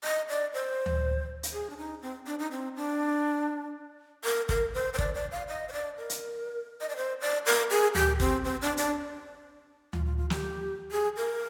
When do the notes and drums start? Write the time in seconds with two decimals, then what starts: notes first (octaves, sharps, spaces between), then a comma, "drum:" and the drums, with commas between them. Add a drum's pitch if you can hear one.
0.04 D#5
0.29 D5
0.54 C5
0.86 drum: tom D2
1.43 drum: hi-hat
1.53 G#4
1.70 D4
1.77 D#4
2.02 C4
2.26 D4
2.39 D#4
2.51 C4
2.76 D4
4.25 A#4
4.49 A#4, drum: kick
4.74 C5
4.93 C5
4.99 D5, drum: kick
5.14 D5
5.32 F5
5.48 D#5
5.68 C5
5.73 D5
5.98 A#4
6.10 drum: hi-hat
6.81 D#5
6.89 D5
6.96 C5
7.21 D5
7.46 A#4
7.70 G#4
7.95 G4, drum: tom D2
8.20 C4, drum: kick
8.45 C4
8.62 D4
8.77 D4, drum: hi-hat
9.93 F4, drum: tom D2
10.06 F4
10.18 F4
10.30 G4, drum: snare
10.91 G#4
11.17 A#4